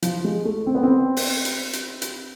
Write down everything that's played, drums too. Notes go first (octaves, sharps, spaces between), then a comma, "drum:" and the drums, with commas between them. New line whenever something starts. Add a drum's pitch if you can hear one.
F3, drum: hi-hat
G#3
A3
C4
B3
C4
drum: open hi-hat
drum: hi-hat
drum: hi-hat
drum: hi-hat